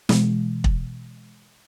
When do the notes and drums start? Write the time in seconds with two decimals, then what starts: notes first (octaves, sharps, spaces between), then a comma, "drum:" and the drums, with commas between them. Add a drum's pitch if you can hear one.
0.09 B2 E3 G#3, drum: snare
0.64 drum: kick